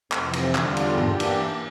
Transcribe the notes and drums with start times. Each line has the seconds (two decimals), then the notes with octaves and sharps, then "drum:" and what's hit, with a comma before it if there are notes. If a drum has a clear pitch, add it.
0.12 F2 C3 E3, drum: clap
0.33 drum: cymbal
0.55 E2 D3 G3 D4 F4, drum: clap
0.77 drum: cymbal
0.98 E3 A#3 D4 G4, drum: tom G2
1.20 drum: cymbal